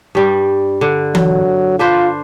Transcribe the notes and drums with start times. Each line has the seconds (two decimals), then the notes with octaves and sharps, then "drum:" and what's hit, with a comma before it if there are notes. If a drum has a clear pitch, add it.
0.15 G2 G3
0.81 D3
1.15 F#3, drum: tom E3
1.79 D4 F4 B4 C5